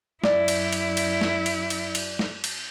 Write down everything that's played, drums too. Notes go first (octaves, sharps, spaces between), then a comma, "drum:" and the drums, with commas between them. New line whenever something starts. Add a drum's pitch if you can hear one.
F#2 E4 D5, drum: snare
drum: cymbal
drum: cymbal
drum: cymbal
drum: snare
drum: cymbal
drum: cymbal
drum: cymbal
drum: snare
drum: cymbal